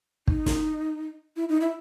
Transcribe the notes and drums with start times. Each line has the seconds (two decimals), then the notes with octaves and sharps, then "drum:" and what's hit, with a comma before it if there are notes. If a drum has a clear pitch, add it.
0.27 D#4, drum: kick
0.46 drum: snare
1.36 E4
1.49 D#4
1.61 E4